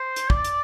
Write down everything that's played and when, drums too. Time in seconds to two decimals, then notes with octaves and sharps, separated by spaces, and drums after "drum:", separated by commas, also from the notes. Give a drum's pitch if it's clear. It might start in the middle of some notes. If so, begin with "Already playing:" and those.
Already playing: C5
0.16 drum: hi-hat
0.30 D5, drum: kick
0.45 drum: hi-hat